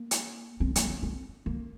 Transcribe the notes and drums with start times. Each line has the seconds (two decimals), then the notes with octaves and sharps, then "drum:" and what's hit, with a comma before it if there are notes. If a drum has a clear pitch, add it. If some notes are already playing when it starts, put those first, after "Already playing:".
Already playing: A#3
0.11 drum: hi-hat
0.60 C4
0.76 A#3, drum: hi-hat
0.89 C4
1.03 C4
1.46 A#3